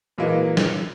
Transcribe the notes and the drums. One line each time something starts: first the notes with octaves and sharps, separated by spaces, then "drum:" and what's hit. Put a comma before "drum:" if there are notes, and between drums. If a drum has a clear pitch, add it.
A#2 E3 F#3 G#3 A#3
drum: snare